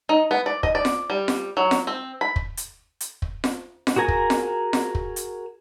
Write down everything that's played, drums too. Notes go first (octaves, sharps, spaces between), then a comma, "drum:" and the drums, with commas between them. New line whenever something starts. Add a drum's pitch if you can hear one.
D#4
B3
D5
D#5, drum: kick
D5
drum: snare F4
G3
drum: snare F4
F#3
drum: snare F4
C4
B5
drum: kick
drum: hi-hat
drum: hi-hat
drum: kick
drum: snare F4
drum: snare F4
F#4 G#4 A#4 G#5 A#5
drum: kick
drum: snare F4
drum: snare F4
drum: kick
drum: hi-hat